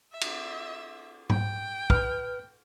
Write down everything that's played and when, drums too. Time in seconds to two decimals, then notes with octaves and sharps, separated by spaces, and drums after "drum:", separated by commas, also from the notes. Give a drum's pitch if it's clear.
0.12 E5
0.21 drum: cymbal
1.30 G5, drum: tom G#2
1.90 B4 F6, drum: kick